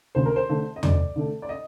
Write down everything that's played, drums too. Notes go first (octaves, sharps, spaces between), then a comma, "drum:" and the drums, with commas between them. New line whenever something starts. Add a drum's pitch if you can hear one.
D2 C5
A#4
C5
D3 A3
D#5
D2 D5, drum: tom E2
D3 A3
D5
D#5